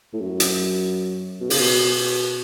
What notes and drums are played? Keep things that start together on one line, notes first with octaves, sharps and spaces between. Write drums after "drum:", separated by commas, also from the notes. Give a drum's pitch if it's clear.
A2
F#2
drum: hi-hat
B2
C#3, drum: open hi-hat
B2